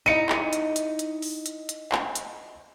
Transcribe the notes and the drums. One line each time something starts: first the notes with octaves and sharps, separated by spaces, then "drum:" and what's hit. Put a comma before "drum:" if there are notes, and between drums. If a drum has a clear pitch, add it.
D#4 E4 D#5 C#7 D#7
drum: clap
drum: hi-hat
drum: hi-hat
drum: hi-hat
drum: open hi-hat
drum: hi-hat
drum: hi-hat
drum: clap
drum: hi-hat